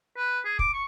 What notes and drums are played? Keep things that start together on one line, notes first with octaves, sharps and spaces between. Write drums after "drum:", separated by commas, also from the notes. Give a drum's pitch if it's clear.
B4
G#4
D6, drum: kick
C#6